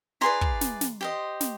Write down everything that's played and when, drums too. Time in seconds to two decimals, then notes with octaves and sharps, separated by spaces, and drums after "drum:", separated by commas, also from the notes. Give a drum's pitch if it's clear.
0.21 E4 G#4 B4 D5 A#5 C6
0.41 drum: kick
0.61 drum: snare
0.81 drum: snare
1.01 G4 C5 D#5
1.41 drum: snare